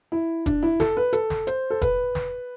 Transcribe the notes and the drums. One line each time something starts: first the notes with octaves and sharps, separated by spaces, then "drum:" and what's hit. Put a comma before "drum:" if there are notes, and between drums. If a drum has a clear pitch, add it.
E4
D4, drum: kick F1, hi-hat
E4
A4, drum: snare
B4
A4, drum: hi-hat
drum: snare
C5, drum: hi-hat
A4
B4, drum: kick F1, hi-hat
drum: snare